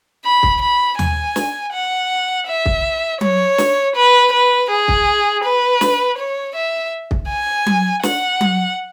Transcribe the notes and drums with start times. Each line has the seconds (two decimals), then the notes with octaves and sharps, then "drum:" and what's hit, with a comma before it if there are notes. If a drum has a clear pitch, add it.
0.25 B5
0.43 drum: kick
0.62 B5
0.99 G#5, drum: tom D#2
1.36 drum: snare
1.73 F#5
2.47 E5
2.66 drum: kick
3.21 C#5, drum: tom F#3
3.58 drum: snare
3.96 B4
4.32 B4
4.70 G#4
4.88 drum: kick
5.44 B4
5.81 drum: snare
6.18 C#5
6.55 E5
7.11 drum: kick
7.29 G#5
7.66 drum: tom F#3
8.03 F#5, drum: snare
8.41 drum: tom F#3